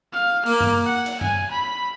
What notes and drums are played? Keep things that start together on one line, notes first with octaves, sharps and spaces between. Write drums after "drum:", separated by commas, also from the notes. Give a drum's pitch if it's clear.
F5
A#3, drum: open hi-hat
drum: tom F#2
F#5
drum: cymbal
G#5, drum: tom F#2
B5